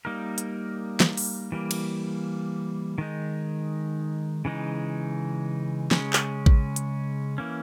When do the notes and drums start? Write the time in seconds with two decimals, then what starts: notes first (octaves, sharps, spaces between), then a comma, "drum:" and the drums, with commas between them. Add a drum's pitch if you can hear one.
0.05 G3 A#3 D#4 A#4
0.38 drum: hi-hat
1.00 drum: snare
1.17 drum: open hi-hat
1.52 E3 G3 A#3
1.71 drum: cymbal
2.98 D#3 G#3 D#4
4.45 C#3 E3 G#3 D#4
5.91 C#3 G#3 C#4, drum: snare
6.13 drum: clap
6.46 drum: kick A1
6.76 drum: hi-hat
7.38 E3 A#3 C#4